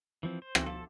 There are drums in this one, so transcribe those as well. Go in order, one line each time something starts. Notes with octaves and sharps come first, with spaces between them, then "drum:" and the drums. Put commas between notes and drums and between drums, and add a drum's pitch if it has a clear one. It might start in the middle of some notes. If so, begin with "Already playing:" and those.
E3 F3 C4
C5
E3 C4 F#4, drum: rim click
F3 A4 A5